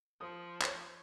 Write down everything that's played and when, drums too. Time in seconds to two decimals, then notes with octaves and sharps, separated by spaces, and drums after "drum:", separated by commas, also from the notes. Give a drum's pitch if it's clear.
0.21 F3 D#6
0.62 C5 C#5, drum: clap